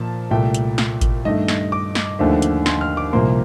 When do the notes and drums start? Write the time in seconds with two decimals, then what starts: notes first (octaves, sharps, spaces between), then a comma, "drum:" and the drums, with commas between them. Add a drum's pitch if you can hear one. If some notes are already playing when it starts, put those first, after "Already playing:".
Already playing: A#2 F3 A#3 A5
0.30 C2 A#2 A3 G5
0.54 drum: hi-hat
0.78 drum: snare
1.01 drum: kick G#1, hi-hat
1.25 G2 D#3 A3 D#5
1.48 drum: snare
1.72 D6
1.95 drum: snare
2.19 D#2 D3 F3 A3
2.42 drum: hi-hat
2.66 C6, drum: snare
2.81 F6
2.97 D6
3.13 C2 A#2 F3 A#3 C6